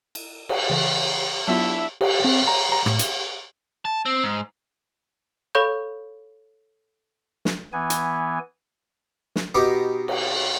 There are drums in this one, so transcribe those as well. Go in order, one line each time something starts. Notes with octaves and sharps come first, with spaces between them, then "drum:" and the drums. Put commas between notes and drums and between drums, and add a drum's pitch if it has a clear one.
drum: cymbal
drum: cymbal
C#3 E3
F#3 B3 D4 E4 F4 E5
G4, drum: cymbal
C4
A#5
A#5
A2, drum: rim click
drum: hi-hat
A5
C4
G#2
A4 C#5 F5 B5 C#6 G6
drum: snare
E3 B3 G#5
drum: hi-hat
drum: snare
B2 D#4 G4 D6
drum: cymbal